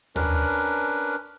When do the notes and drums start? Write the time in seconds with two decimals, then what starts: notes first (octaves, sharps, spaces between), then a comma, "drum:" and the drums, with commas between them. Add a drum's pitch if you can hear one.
0.16 C#4 D4 A#4 B4, drum: tom D#2